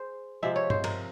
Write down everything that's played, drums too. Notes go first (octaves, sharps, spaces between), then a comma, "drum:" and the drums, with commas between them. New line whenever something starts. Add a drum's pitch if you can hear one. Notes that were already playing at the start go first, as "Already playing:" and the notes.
Already playing: G#4 C5
C3 F3 G#3 E5
C#5
C5, drum: tom G2
A#4, drum: cymbal